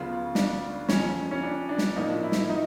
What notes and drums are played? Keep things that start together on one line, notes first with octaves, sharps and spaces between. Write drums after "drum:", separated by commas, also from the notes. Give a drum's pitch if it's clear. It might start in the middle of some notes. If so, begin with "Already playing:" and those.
Already playing: D2 C#3 F#3 B3 F4
D4, drum: snare
F2 C#3 F3 C#4, drum: snare
C#4
D4
D4
drum: snare
A2 F3 A#3 D#4
E4
drum: snare
D#4